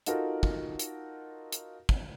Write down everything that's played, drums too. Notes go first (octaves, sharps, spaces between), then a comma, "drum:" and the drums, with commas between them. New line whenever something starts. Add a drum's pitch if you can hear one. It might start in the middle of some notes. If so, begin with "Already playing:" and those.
D#4 F4 F#4 A4 A#4, drum: hi-hat
drum: kick
drum: hi-hat
drum: hi-hat
drum: kick